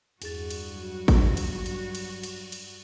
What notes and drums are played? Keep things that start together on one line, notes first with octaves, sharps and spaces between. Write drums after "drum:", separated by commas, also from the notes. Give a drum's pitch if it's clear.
E2 G2 F#4 G#4 A6, drum: cymbal
drum: cymbal
F#3
drum: kick, cymbal
drum: cymbal
drum: cymbal
drum: cymbal
drum: cymbal
drum: cymbal